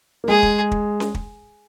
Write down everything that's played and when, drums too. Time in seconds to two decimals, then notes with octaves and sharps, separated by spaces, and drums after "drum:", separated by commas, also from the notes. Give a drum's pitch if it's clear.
0.24 A#3
0.28 G#3 G#4
0.43 drum: kick
0.71 drum: kick
1.00 drum: snare C#4
1.15 drum: kick